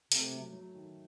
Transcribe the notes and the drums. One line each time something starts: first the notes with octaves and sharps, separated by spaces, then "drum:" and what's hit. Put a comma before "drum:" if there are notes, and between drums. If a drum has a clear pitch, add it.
C3 A3, drum: hi-hat
F#3
F#3
D#3